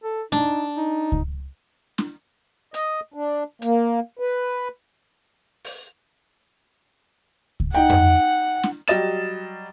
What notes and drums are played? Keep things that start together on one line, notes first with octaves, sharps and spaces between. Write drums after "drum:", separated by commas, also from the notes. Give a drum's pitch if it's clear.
A4
D4 D#4, drum: hi-hat
D#4
drum: kick C#2
drum: snare
D#5, drum: hi-hat
D4
A#3, drum: hi-hat
B4
drum: open hi-hat
drum: kick C#2
D#4 F#5 G5
drum: tom F2
drum: snare
F#3 G3 D#5 A6 E7, drum: hi-hat